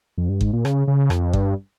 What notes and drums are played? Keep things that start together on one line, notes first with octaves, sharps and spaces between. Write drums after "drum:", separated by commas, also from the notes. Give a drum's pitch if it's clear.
F2
G2
G#2, drum: kick G1
A#2
C#3, drum: rim click
C#3
F2, drum: rim click
G2, drum: kick G1